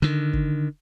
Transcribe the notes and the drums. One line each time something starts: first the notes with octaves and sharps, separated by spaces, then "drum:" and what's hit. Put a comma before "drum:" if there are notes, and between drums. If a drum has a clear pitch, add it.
D3 D#3
drum: kick G1